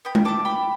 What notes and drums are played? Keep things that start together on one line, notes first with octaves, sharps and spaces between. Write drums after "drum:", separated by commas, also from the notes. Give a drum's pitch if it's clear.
B3 G5 B5
drum: tom G#3
E4 A4 A5 D6
B3 G5 B5